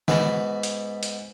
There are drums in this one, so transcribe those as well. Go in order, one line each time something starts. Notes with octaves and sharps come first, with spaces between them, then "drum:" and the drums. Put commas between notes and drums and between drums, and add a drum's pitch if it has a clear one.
G#2 B3 F#4, drum: snare
drum: hi-hat
drum: hi-hat